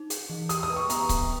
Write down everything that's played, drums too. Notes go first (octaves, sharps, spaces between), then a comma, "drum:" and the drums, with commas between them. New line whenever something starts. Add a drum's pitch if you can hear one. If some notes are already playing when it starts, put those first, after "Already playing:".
Already playing: D#4
G#4, drum: hi-hat
E3
G4 D#6, drum: hi-hat
D#6
B4
C#6
B3 A#5, drum: hi-hat
B3, drum: kick C#1, hi-hat